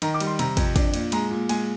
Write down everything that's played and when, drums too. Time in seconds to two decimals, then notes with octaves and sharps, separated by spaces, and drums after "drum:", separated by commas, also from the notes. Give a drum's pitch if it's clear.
0.02 D#3 A#5, drum: cymbal
0.14 D6
0.20 G3, drum: cymbal
0.27 C6
0.39 C3 A#5, drum: cymbal
0.57 F2, drum: kick, cymbal
0.76 D4, drum: kick, cymbal
0.94 A#2, drum: cymbal
1.12 G#3 A#5, drum: cymbal
1.31 A#2
1.49 G#3 G#5, drum: cymbal